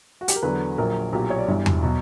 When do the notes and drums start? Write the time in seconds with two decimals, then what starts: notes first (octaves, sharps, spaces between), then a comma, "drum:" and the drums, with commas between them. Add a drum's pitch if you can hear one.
0.21 F#4
0.28 G4, drum: hi-hat
0.36 A#4
0.43 E2 D3 F#3 B4
0.78 A#1 A#2 F#3 A#4
1.12 B1 A#2 F#3 G4
1.30 C#5
1.39 D5
1.48 G1 G2 E3
1.66 drum: tom E2
1.83 B2 F#3